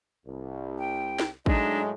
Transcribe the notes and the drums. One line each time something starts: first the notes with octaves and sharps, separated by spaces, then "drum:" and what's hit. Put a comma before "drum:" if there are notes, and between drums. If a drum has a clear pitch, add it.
C2
G5
drum: snare
A2 F#3 G#3 D4 D#4 D#5, drum: kick